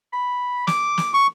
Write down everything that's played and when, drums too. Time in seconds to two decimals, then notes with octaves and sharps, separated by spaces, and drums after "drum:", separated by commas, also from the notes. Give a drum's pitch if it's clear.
0.13 B5
0.67 D6, drum: snare
0.98 drum: snare
1.14 C#6